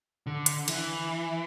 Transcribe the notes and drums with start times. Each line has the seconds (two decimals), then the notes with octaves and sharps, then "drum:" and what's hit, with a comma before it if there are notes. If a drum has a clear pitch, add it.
0.27 D3
0.46 drum: hi-hat
0.68 E3, drum: cymbal